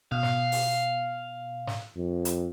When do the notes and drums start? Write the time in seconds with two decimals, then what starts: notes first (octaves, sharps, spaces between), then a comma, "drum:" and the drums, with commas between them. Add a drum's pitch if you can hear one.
0.12 B2 F5
0.23 drum: snare
0.52 drum: open hi-hat
1.67 drum: snare
1.96 F2
2.25 drum: hi-hat